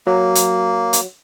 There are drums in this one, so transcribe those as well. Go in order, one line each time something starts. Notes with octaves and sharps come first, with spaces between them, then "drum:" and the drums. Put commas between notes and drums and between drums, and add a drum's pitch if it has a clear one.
F#3 A#3
drum: hi-hat
drum: hi-hat